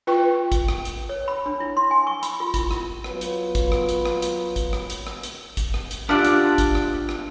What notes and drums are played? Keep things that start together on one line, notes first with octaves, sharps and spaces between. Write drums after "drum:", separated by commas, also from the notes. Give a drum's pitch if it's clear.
F4 B4 G5 C#6
drum: kick A1, hi-hat
drum: rim click
drum: hi-hat
C#5
B5
D4
E4
C6
G#5
C#6
B5, drum: hi-hat
F4
E4, drum: kick A1, hi-hat
drum: rim click
F#3 B3 F4 B4, drum: rim click
drum: hi-hat
drum: kick A1, hi-hat
drum: rim click
drum: hi-hat
drum: rim click
drum: hi-hat
drum: kick A1, hi-hat
drum: rim click
drum: hi-hat
drum: rim click
drum: hi-hat
drum: kick A1, hi-hat
drum: rim click
drum: hi-hat
D4 F4 G4 D5 E5 F#5, drum: rim click
drum: hi-hat
drum: kick A1, hi-hat
drum: rim click
drum: rim click